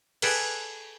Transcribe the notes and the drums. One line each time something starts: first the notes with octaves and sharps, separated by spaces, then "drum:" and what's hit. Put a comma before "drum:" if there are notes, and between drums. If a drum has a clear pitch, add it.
G#4 A4 B4 D5 F#5 G5, drum: cymbal